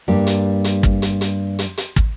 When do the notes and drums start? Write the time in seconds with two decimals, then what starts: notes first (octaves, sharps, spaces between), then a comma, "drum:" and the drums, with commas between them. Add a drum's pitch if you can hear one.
0.08 G2 G3 A#3 G4
0.27 drum: hi-hat
0.64 drum: hi-hat
0.83 drum: kick
1.02 drum: hi-hat
1.21 drum: hi-hat
1.59 drum: hi-hat
1.77 drum: hi-hat
1.96 drum: kick